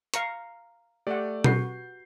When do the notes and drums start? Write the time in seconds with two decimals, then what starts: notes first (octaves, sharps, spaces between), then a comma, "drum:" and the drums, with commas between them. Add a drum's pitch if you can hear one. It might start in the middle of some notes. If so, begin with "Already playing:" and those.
0.14 F5 A#5 C#6, drum: hi-hat
1.07 A3 G4 D5 F#5
1.44 F#4 B4 G6 C7, drum: tom B2